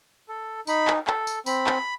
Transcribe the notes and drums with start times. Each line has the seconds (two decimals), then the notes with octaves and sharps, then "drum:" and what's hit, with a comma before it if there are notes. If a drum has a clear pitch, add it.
0.29 A4
0.67 D#4 B5, drum: tambourine
0.88 drum: clap
1.07 A4, drum: clap
1.27 drum: tambourine
1.46 C4 B5, drum: tambourine
1.67 drum: clap